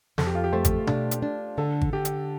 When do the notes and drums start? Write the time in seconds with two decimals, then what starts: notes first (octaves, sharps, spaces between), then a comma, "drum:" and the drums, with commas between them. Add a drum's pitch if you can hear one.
0.18 F2 A4, drum: snare
0.26 G4
0.35 F4
0.44 G4
0.53 A3 C5
0.65 drum: kick G#1, hi-hat
0.87 D4, drum: tom B2
1.11 drum: hi-hat
1.22 D4
1.58 D3 A4
1.81 drum: kick G#1
1.93 D3 G4
2.05 drum: hi-hat